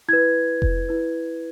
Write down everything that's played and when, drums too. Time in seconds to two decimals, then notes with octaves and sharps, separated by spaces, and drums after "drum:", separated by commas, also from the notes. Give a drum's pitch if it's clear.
0.08 E4 B4 G#6
0.62 drum: kick F1
0.89 E4 B4